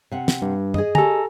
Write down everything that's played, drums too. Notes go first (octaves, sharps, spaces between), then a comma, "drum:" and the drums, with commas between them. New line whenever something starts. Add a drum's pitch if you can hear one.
C3 F#5
drum: snare
G2
G#4 D#5, drum: tom
G4 A4 G#5 A#5, drum: tom